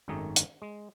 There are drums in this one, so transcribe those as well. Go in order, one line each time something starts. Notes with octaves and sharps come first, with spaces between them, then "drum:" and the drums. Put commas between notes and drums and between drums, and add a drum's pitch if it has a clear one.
G#1 F#2 D#3 A3 D#4 G#4
drum: hi-hat
G#3